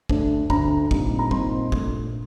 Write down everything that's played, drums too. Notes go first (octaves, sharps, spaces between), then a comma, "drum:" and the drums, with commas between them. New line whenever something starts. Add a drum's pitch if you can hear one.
D2 D3 A3 D4, drum: kick
D2 D3 A3 D4 A#5, drum: kick
A#2 G3 C4 D#4, drum: kick
A#5
A#2 G3 C4 D#4 C6, drum: kick
A#2 A3 D4, drum: kick